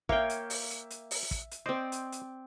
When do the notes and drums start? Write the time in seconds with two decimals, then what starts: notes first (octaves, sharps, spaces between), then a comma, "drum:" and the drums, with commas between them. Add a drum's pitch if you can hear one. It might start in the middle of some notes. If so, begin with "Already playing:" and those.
0.09 A#3 C#5 E5 F5 G5, drum: kick
0.30 drum: hi-hat
0.50 drum: open hi-hat
0.70 drum: hi-hat
0.90 drum: hi-hat
1.11 drum: open hi-hat
1.31 drum: kick, hi-hat
1.51 drum: hi-hat
1.66 C4 C5 D5 D#5
1.92 drum: hi-hat
2.12 drum: hi-hat